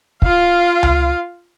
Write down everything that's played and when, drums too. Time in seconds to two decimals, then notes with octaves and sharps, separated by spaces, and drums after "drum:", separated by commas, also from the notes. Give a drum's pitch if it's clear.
0.22 F4 F5, drum: kick
0.83 drum: tom C#2